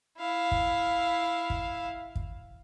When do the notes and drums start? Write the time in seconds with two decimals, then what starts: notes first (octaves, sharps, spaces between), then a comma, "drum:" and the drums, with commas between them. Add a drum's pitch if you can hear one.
0.19 E4 F5
0.52 drum: kick
1.50 drum: kick
2.16 drum: kick